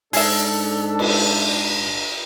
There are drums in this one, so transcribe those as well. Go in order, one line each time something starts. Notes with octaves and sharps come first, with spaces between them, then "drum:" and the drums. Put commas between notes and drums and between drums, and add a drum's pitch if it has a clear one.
G#2 D4 G#4 A4 E5, drum: open hi-hat
drum: cymbal